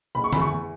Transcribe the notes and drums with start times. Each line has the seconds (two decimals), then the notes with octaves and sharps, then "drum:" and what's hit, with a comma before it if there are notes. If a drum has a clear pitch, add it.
0.15 F#1 B5
0.24 C#6
0.33 E2 B5, drum: tom D3
0.41 C#6
0.51 E2